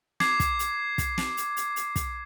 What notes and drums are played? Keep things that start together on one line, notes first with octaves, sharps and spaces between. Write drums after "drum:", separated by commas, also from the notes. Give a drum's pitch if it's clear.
D6 G#6 C7, drum: snare
drum: kick, hi-hat
drum: hi-hat
drum: kick, hi-hat
drum: snare
drum: hi-hat
drum: hi-hat
drum: hi-hat
drum: kick, hi-hat